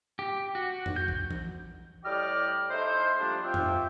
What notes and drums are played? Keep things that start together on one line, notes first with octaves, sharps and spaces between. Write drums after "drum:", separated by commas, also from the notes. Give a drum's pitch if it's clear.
G4
F#4
drum: tom F2
G6
drum: kick A#1
drum: tom E3
A2 G3 G4 D5 D#5 F6
A3 D#4 E4 C5
F3 G3 A#3 D4
C4 F4 G4 C#5 E5 G5
drum: tom F2